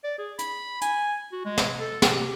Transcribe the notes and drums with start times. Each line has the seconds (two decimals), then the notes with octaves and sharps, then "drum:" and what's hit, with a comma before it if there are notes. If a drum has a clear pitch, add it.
0.04 D5
0.18 G#4
0.39 B5, drum: hi-hat
0.81 G#5, drum: hi-hat
1.32 F#4
1.45 G#3
1.58 drum: snare
1.79 A4
2.02 drum: snare
2.11 G4